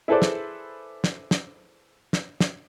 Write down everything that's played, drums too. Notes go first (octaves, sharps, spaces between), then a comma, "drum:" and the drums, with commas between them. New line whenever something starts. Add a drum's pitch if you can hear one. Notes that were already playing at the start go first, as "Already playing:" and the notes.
E4 G#4 A4 B4 C5 D5
drum: snare
drum: snare
drum: snare
drum: snare
drum: snare